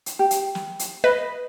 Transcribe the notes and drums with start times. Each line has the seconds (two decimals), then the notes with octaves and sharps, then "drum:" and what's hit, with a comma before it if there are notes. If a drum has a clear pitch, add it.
0.06 drum: hi-hat
0.19 G4
0.31 drum: hi-hat
0.55 drum: snare
0.79 drum: hi-hat
1.04 B4 D#5